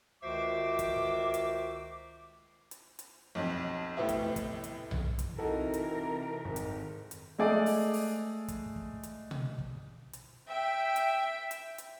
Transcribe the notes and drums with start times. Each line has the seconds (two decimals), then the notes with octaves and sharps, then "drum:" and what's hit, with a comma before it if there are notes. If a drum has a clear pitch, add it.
0.23 C#2 D#3 F#4 C5 E5 D6
0.79 drum: kick, hi-hat
1.34 drum: hi-hat
2.71 drum: hi-hat
2.99 drum: hi-hat
3.35 B1 F2
3.97 F1 A2 B3 G4 E5
4.09 drum: kick, hi-hat
4.36 drum: kick, hi-hat
4.64 drum: hi-hat
4.91 drum: tom B1
5.19 drum: kick, hi-hat
5.38 C3 E3 D#4 E4 F#4 A4 A#4
5.74 drum: hi-hat
6.45 G#1 D#3
6.56 drum: hi-hat
7.11 drum: hi-hat
7.39 G#3 A3 G#4 D5
7.66 drum: open hi-hat
7.93 drum: open hi-hat
8.48 drum: kick, hi-hat
8.76 drum: kick
9.03 drum: hi-hat
9.31 drum: tom B2
9.58 drum: kick
10.13 drum: hi-hat
10.48 E5 G5 D7
10.96 drum: hi-hat
11.51 drum: hi-hat
11.78 drum: hi-hat